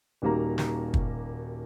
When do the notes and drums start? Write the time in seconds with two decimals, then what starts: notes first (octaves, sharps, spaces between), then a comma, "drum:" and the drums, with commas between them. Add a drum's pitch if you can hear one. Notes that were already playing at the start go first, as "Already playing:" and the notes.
0.22 D#1 D#3 G3 A#3 F#4 A#5
0.58 drum: snare
0.94 drum: kick